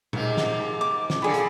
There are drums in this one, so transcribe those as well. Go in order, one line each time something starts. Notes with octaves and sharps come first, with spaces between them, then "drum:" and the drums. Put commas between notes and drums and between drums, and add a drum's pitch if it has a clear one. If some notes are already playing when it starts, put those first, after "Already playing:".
G#2 C3 A#3, drum: tom A#2
drum: snare
D6
drum: snare
A#2 D3 G#4 B5
drum: hi-hat